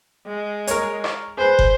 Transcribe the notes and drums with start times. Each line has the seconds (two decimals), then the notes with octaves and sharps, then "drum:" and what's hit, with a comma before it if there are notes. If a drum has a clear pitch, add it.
0.26 G#3
0.67 A#4 C#5, drum: hi-hat
1.04 drum: rim click
1.37 G#4 B4 C5
1.59 drum: kick